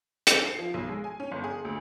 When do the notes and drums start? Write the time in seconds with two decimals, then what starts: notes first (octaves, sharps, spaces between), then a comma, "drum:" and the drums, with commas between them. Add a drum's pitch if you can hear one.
0.27 drum: hi-hat
0.46 C7
0.59 F3
0.74 B1
0.88 G#3
1.04 G#5
1.20 C#4
1.31 G1
1.44 G#4
1.65 D2